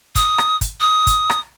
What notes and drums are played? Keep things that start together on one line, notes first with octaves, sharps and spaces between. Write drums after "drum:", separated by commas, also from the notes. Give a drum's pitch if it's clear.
D#6, drum: kick, hi-hat
drum: rim click
drum: kick, hi-hat
D#6
drum: kick, hi-hat
drum: rim click